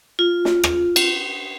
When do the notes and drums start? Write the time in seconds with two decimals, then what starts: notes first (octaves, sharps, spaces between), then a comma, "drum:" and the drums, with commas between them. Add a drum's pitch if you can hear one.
0.19 F4
0.45 drum: snare
0.64 drum: rim click
0.96 drum: cymbal